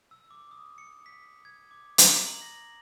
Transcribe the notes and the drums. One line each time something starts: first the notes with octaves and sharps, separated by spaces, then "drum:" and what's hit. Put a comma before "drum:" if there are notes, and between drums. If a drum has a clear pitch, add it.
E6
D6
D#6
C#7
B6
G#6
D6
A#5, drum: hi-hat
F#7
A#6